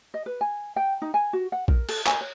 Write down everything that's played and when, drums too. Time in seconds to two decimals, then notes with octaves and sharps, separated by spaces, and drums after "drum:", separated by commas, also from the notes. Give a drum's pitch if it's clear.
0.14 D#5
0.26 B4
0.41 G#5
0.76 G5
1.02 D#4
1.14 G#5
1.33 F#4
1.52 F#5
1.68 A#4, drum: kick A#1
1.89 A4, drum: cymbal
2.07 G#5, drum: clap
2.21 C#5